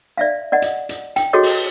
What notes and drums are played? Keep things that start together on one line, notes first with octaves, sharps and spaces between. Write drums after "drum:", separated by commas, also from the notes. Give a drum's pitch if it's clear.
D5 E5 F5
D5 D#5 F#5
drum: hi-hat
drum: hi-hat
G5, drum: hi-hat
F#4 G#4 A4 C#5 D#5 D6
drum: open hi-hat